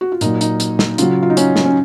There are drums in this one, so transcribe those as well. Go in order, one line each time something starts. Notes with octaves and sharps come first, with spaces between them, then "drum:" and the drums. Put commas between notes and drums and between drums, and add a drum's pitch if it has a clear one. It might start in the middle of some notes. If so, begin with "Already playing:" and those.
F#4
F4
A#2 F#3 D#4, drum: hi-hat
D#4, drum: hi-hat
drum: hi-hat
drum: snare
C#3 F#3 F4, drum: hi-hat
F4
D#4
C#4, drum: hi-hat
drum: snare
C#4